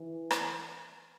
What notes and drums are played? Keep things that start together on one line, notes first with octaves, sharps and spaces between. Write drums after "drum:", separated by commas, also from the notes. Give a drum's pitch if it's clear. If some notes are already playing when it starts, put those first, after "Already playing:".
Already playing: E3
drum: rim click